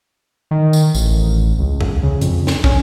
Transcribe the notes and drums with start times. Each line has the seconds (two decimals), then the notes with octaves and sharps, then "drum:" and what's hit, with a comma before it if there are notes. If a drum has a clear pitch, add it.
0.51 D#3
0.73 drum: tambourine
0.95 A1, drum: tambourine
1.59 C#2
1.81 drum: tom E2
2.03 C#3
2.21 F2, drum: hi-hat
2.47 drum: snare
2.64 C#4, drum: kick